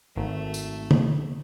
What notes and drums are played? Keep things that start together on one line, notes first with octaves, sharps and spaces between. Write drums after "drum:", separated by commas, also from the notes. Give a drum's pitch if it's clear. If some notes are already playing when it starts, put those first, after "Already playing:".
G#1 A3
drum: tambourine
drum: tom